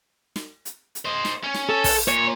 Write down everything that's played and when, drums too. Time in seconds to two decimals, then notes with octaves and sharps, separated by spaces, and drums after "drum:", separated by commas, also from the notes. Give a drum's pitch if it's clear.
0.36 drum: snare
0.65 drum: hi-hat
0.95 drum: hi-hat
1.06 C5 D#5
1.25 drum: snare
1.44 C#4
1.54 drum: snare
1.69 A4
1.84 drum: kick, open hi-hat
2.08 A#2 C#5